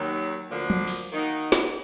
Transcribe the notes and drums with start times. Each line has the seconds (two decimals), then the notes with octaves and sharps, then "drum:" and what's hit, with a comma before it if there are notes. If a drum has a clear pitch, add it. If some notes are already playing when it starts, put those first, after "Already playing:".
Already playing: D#2 D#3 F#3
0.50 D2 D3 F3 A#3 D4
0.70 drum: tom F3
0.87 drum: open hi-hat
1.11 D#3 A#3 D#4 F#4
1.52 drum: snare